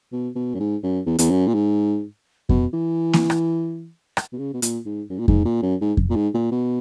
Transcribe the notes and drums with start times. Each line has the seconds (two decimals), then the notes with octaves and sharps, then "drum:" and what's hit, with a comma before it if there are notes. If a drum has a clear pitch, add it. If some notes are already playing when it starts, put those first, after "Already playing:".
0.12 B2
0.36 B2
0.54 F#2
0.60 G#2
0.83 F#2
1.06 E2
1.19 E2, drum: hi-hat
1.31 F#2
1.47 A#2
1.54 G#2
2.49 B2, drum: kick F2
2.73 E3
3.13 drum: snare
3.30 drum: rim click
4.17 drum: rim click
4.33 B2
4.38 C#3
4.54 B2
4.62 A#2, drum: hi-hat
4.86 G#2
5.10 F#2
5.19 A#2
5.28 G#2, drum: kick F2
5.45 A#2
5.62 F#2
5.81 G#2
5.97 drum: kick F2
6.10 A#2
6.16 G#2
6.34 A#2
6.51 B2